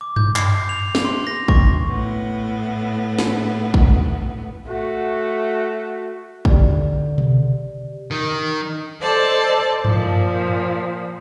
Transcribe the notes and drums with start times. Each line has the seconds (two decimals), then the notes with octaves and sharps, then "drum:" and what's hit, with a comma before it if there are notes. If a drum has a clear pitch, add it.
0.01 D6
0.16 G6, drum: tom G2
0.36 C7, drum: clap
0.69 F7
0.95 drum: snare
1.05 C6
1.27 A#6
1.48 C#6, drum: kick
1.86 A2 B3
3.19 drum: snare
3.74 drum: kick
4.68 A3 F#4
6.45 D3 G4 D5, drum: kick
7.18 drum: tom B2
8.11 D#3
9.01 A4 C5 D5 D#5 A5
9.85 A#2 F3, drum: tom G2